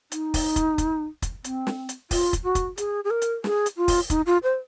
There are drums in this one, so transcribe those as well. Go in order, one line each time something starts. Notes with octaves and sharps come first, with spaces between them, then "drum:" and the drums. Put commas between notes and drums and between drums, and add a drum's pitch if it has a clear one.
D#4, drum: hi-hat
drum: kick, open hi-hat
drum: kick, hi-hat
drum: kick, hi-hat
drum: kick, hi-hat
C4, drum: hi-hat
drum: snare
drum: hi-hat
F4, drum: kick, open hi-hat
drum: kick, hi-hat
F#4
drum: kick, hi-hat
G#4, drum: hi-hat
G#4
A#4
drum: hi-hat
G#4, drum: snare
drum: hi-hat
F4
drum: kick, open hi-hat
D#4, drum: kick, hi-hat
F4
C5